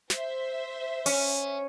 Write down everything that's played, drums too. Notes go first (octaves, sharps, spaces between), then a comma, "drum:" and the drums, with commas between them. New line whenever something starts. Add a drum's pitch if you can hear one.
C5 E5, drum: snare
C#4, drum: open hi-hat